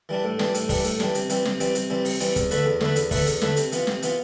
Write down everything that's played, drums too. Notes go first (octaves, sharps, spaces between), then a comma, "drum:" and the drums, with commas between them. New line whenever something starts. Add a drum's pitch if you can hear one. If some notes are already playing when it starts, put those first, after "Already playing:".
E3 G3 D4
A2
E3 G3 D4, drum: snare
A2, drum: hi-hat
E3 G3 D4, drum: kick, open hi-hat
A2, drum: hi-hat
E3 G3 D4, drum: snare
C3, drum: hi-hat
E3 G3 C4, drum: hi-hat
C3, drum: snare
E3 G3 C4, drum: hi-hat
C3, drum: hi-hat
E3 G3 C4
C3, drum: open hi-hat
E3 G3 C4, drum: hi-hat
E2, drum: kick, hi-hat
D3 A3 E4 B4, drum: hi-hat
E2
D3 A3 E4 B4, drum: snare
E2, drum: hi-hat
D3 A3 E4 B4, drum: kick, open hi-hat
E2, drum: hi-hat
D3 A3 E4 B4, drum: snare
C3, drum: hi-hat
E3 B3 F4, drum: hi-hat
C3, drum: snare
E3 B3 F4, drum: hi-hat